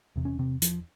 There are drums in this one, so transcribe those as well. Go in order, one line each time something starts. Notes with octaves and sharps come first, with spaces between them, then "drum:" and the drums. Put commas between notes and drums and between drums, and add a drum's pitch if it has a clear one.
E1 E2 C3
C#4
C3 C4
F3, drum: hi-hat